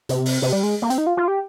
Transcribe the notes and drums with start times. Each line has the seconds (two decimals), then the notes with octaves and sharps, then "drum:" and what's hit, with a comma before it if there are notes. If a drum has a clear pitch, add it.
0.09 C3, drum: hi-hat
0.26 drum: open hi-hat
0.42 C3
0.53 G3
0.63 G#3
0.82 A#3
0.90 C4, drum: hi-hat
0.98 D#4
1.07 F4
1.17 F4
1.28 G4